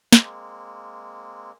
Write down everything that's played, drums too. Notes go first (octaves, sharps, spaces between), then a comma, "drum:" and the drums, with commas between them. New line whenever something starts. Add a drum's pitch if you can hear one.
G#3 A#3 C4, drum: snare